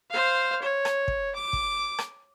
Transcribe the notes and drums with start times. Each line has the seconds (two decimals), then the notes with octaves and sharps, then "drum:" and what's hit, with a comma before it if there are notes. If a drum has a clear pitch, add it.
0.11 C5 F5
0.62 C#5
0.85 drum: rim click
1.08 drum: kick
1.36 D6
1.53 drum: kick
1.99 drum: rim click